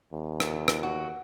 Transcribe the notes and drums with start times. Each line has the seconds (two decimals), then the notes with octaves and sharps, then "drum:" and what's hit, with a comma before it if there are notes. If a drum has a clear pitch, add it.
0.13 D#2
0.40 drum: rim click
0.68 drum: rim click
0.83 F#4